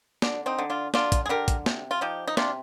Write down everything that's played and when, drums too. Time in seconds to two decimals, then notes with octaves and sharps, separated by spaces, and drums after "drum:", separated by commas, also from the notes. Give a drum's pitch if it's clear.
0.22 D3 D4, drum: snare
0.46 C4 D#4
0.58 D3
0.70 D4 F4
0.94 D3 D4 F4, drum: snare
1.12 drum: kick, hi-hat
1.26 G#4
1.29 D3 G4 A#4
1.48 drum: kick, hi-hat
1.66 C3, drum: snare
1.91 F4
2.01 F3 D#4 G4
2.27 D#4
2.37 C3 D4 F4, drum: snare